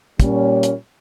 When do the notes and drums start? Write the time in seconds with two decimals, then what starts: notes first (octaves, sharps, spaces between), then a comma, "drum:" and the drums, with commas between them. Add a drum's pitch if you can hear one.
0.20 A#2 G3 C#4, drum: kick, hi-hat
0.63 drum: hi-hat